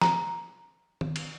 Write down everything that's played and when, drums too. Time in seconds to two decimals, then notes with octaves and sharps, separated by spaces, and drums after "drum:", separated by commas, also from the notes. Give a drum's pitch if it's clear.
0.01 A#5, drum: snare
1.01 drum: tom D#3
1.16 drum: cymbal